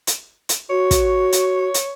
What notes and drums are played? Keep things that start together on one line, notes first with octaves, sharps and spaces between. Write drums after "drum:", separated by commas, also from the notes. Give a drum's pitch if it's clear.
drum: hi-hat
drum: hi-hat
F#4 C#5
drum: kick, hi-hat
drum: hi-hat
drum: hi-hat